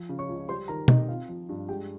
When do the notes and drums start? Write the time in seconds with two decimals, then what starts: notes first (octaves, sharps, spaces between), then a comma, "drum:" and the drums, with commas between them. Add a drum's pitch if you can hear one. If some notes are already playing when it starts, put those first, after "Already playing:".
Already playing: F3
0.09 C#3
0.18 C#5 C#6
0.29 C#2
0.48 G3 C5 C6
0.68 D#3 A#4 A#5
0.88 C4 D#4 D#5, drum: tom B2
1.09 C4 F4 F5
1.29 F3
1.49 G2
1.68 G#3 G4 G5